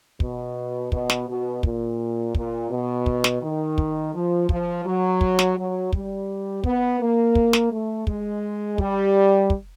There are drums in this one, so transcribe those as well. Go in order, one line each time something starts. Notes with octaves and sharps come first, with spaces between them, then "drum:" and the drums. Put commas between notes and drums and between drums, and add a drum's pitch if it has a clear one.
B2, drum: kick
B2, drum: kick
drum: snare
B2
A#2, drum: kick
A#2, drum: kick
B2
drum: kick
drum: snare
D#3
drum: kick
F3
F3, drum: kick
F#3
drum: kick
drum: snare
F#3
G3, drum: kick
B3, drum: kick
A#3
drum: kick
drum: snare
A3
G#3, drum: kick
G3, drum: kick
drum: kick